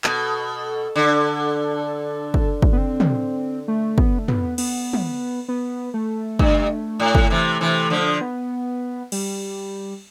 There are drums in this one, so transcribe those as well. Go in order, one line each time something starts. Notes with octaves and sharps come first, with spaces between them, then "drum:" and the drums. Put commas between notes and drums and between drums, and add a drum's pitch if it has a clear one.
B2 A4, drum: clap
D3
drum: kick
drum: kick
B3
C4
drum: tom
A3
B3, drum: kick
A3
B3, drum: tom
B3, drum: cymbal
drum: tom
B3
A3
G2, drum: kick
A2
drum: kick
C3 E3
C3 E3
D3 F3
B3
G3, drum: cymbal